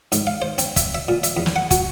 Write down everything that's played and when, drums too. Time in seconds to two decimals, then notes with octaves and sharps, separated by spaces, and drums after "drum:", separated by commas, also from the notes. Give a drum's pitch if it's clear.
0.12 G#2, drum: hi-hat
0.27 F5
0.42 C5
0.58 C4, drum: hi-hat
0.76 E5, drum: kick, hi-hat
0.95 E5
1.08 A#2
1.23 E5, drum: hi-hat
1.37 E2
1.46 drum: snare
1.56 F#5
1.71 F#4, drum: kick, hi-hat